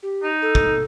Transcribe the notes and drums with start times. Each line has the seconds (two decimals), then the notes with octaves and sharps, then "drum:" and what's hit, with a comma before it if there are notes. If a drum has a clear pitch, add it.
0.03 G4
0.23 D#4
0.42 A4
0.55 drum: kick